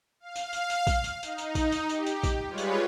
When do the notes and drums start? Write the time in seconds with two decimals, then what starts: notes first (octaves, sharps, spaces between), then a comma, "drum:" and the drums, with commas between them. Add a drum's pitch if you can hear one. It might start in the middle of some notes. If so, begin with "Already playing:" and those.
0.20 F5
0.36 drum: tambourine
0.53 drum: tambourine
0.70 drum: tambourine
0.87 drum: kick, tambourine
1.04 drum: tambourine
1.23 D#4, drum: tambourine
1.38 drum: tambourine
1.55 drum: kick, tambourine
1.72 drum: tambourine
1.89 G4, drum: tambourine
2.06 drum: tambourine
2.23 drum: kick, tambourine
2.48 G3 G#3 F4 B4 C#5
2.58 drum: tambourine